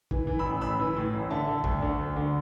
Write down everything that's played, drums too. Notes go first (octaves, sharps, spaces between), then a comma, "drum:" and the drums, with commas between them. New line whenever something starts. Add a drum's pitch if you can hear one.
E3, drum: kick
E3
B5 E6
A1
A1 B5 E6
E3
A2
A1
D3 E5 A5
D3
D2, drum: kick
D3
D2
D3